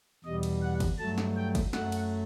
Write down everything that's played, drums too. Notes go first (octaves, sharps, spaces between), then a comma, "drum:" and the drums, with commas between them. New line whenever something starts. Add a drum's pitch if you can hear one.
E2 B2 G3 D#5
drum: cymbal
F#5
drum: kick G1, cymbal
G2 F#3 A3 A5
drum: snare
G5
drum: kick G1, cymbal
F#2 F#3 A3 F#5, drum: snare
drum: cymbal